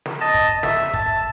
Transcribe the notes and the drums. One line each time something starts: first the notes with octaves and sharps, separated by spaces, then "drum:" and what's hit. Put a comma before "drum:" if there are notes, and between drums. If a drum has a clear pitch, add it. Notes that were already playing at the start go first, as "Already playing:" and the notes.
drum: snare
D#5 A5
drum: kick
E5, drum: snare
A5, drum: kick